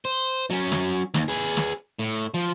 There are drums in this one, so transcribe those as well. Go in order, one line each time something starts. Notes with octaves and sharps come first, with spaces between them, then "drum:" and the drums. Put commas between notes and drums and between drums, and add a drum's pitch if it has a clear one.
C5
F#3 C#4
drum: snare
D#2, drum: snare
G#4 B4
drum: snare
A2
F3